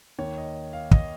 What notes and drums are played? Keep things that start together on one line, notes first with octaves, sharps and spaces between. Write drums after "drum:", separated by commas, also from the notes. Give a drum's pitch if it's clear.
D#2 D#3 C#5
D#5
F5
D#5, drum: kick